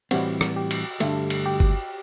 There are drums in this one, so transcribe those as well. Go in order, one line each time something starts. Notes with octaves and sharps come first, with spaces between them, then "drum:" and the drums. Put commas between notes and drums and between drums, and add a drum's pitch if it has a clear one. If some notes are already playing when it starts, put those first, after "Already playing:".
A2 E3 G3 C4 F#4, drum: cymbal
drum: rim click
G4
drum: cymbal
G2 D3 A3, drum: cymbal
drum: cymbal
G4
drum: kick G1